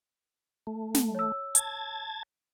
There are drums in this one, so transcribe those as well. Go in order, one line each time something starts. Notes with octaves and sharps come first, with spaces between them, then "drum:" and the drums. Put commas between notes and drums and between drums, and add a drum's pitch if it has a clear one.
A3
drum: snare
C#5 E6
A5 G#6 A6, drum: hi-hat